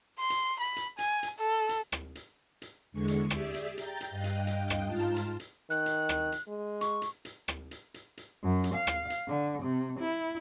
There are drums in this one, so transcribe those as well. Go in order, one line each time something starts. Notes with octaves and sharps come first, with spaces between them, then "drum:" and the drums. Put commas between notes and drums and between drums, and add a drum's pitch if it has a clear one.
C6
drum: hi-hat
B5
drum: hi-hat
G#5, drum: hi-hat
drum: hi-hat
A4
drum: hi-hat
drum: rim click
drum: hi-hat
drum: hi-hat
E2 D3 G#3 C#6
drum: hi-hat
G4 G#4 D5 E5, drum: rim click
drum: hi-hat
G5 A#5 G6 A6, drum: hi-hat
drum: hi-hat
G2 D#5 F5 G5 F#6
drum: hi-hat
drum: hi-hat
drum: rim click
G#2 F4 A5 A#5 C6 F6
drum: hi-hat
drum: hi-hat
D#3 F#6
drum: hi-hat
drum: rim click
drum: hi-hat
G#3
C#6, drum: hi-hat
drum: hi-hat
drum: hi-hat
drum: rim click
drum: hi-hat
drum: hi-hat
drum: hi-hat
F#2
drum: hi-hat
F5
drum: rim click
drum: hi-hat
D3
C3
E4